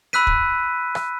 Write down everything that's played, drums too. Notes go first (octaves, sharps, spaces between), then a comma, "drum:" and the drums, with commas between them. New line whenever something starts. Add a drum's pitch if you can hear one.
B5 E6 F#6 B6 D#7
drum: kick
drum: rim click